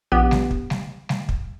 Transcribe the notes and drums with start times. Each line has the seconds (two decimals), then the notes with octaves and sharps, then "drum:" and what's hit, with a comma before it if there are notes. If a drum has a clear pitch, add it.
0.12 A#1 B3 G4
0.31 drum: snare G3
0.51 drum: kick
0.70 drum: snare G3
1.09 drum: snare G3
1.29 drum: kick